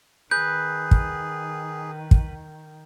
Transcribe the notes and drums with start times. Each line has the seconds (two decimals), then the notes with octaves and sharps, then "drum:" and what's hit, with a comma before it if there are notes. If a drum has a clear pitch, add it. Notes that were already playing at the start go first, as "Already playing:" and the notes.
0.31 D#3 G#4 B4 G6
0.91 drum: kick
2.11 drum: kick